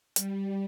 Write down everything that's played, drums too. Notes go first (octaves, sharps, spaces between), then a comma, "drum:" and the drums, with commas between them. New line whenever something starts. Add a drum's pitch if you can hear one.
G3, drum: hi-hat